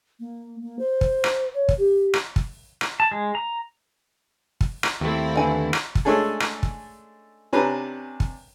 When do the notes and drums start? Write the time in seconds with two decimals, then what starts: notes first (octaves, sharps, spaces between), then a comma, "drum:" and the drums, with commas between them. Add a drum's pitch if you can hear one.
0.20 A#3
0.62 A#3
0.79 C5
1.01 drum: kick
1.24 drum: rim click
1.54 C#5
1.69 drum: kick
1.78 G4
2.14 drum: rim click
2.36 drum: kick
2.81 drum: rim click
3.00 A5
3.11 G#3
3.35 A#5
4.61 drum: kick
4.83 drum: rim click
5.01 D#2 A3 A#3 C4 E4
5.36 D3 B4 D5 G#5 B5
5.73 drum: rim click
5.95 drum: kick
6.05 G#3 A3 C#4 D4 G#4 A4
6.40 drum: rim click
6.63 drum: kick
7.53 C3 C#4 D4 B4 A#5
8.20 drum: kick